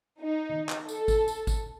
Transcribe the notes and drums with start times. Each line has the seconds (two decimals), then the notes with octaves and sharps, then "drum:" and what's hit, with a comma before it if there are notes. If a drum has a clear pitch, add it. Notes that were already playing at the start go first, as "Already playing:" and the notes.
0.21 D#4
0.49 drum: tom D#3
0.69 drum: clap
0.89 A4, drum: tambourine
1.08 drum: kick G#1, tambourine
1.28 drum: tambourine
1.47 drum: kick G#1, tambourine